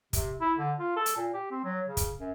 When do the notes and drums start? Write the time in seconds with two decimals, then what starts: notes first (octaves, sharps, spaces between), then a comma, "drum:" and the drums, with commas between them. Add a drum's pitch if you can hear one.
0.13 C3, drum: kick, hi-hat
0.41 E4
0.58 D3
0.79 F4
0.96 A4
1.06 drum: hi-hat
1.16 A#2
1.34 G4
1.51 C4
1.64 F#3
1.88 C#3
1.97 drum: kick, hi-hat
2.19 F#2